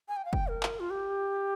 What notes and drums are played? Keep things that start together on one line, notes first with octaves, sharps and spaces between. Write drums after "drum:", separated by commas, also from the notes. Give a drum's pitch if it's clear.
G#5
G5
F5
G5, drum: kick
A#4
drum: clap
F4
G4